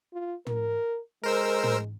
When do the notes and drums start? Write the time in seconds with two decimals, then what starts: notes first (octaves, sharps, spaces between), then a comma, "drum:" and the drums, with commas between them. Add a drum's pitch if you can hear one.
0.13 F4
0.47 A#4, drum: tom
1.24 G#3 A#4 C5 E6
1.64 drum: tom